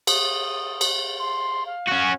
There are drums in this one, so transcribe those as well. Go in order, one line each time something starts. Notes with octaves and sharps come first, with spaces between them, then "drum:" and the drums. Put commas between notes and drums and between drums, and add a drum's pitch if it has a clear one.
D#6, drum: cymbal
drum: cymbal
C6
F5
C#4 F#4